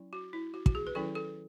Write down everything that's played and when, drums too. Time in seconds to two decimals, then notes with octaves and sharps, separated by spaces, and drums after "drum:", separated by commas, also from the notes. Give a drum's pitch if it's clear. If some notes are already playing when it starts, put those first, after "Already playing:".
Already playing: F#3 C#4 E4
0.13 F#4
0.33 E4
0.54 F#4
0.66 F#4, drum: kick
0.75 G#4
0.87 B4
0.95 D#3 F#3 C#4 E4 A4
1.15 A4